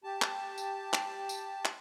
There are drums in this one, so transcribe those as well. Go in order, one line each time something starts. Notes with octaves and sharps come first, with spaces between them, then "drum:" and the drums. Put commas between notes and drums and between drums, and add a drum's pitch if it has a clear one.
G4 A5
drum: clap
drum: tambourine
drum: clap
drum: tambourine
drum: clap